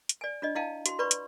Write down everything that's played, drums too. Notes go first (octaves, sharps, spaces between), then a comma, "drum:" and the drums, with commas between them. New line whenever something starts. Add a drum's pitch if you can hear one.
drum: hi-hat
D5 G#5
D4 F4 D5 D#5
E4 D#5 F5 G5 A5
F#4 C6, drum: hi-hat
F4 B4 D5 B5 C#6
drum: hi-hat